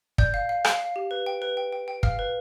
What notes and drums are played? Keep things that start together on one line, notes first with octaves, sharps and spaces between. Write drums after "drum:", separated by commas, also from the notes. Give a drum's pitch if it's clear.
D5 G6, drum: kick
F5
F5
F5, drum: rim click
F5
G4
B4
G5
B4
G5
G5
G5
F5 F6, drum: kick
B4